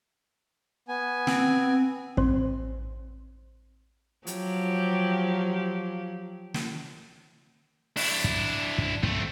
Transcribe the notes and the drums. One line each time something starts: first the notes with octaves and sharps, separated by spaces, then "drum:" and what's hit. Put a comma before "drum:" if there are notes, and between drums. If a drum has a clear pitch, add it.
B3 G#5
C4, drum: snare
A1 C4 C5, drum: kick
F3 F#3 G4, drum: hi-hat
drum: snare
D4 E4, drum: open hi-hat
drum: kick
drum: kick
A3 C4, drum: kick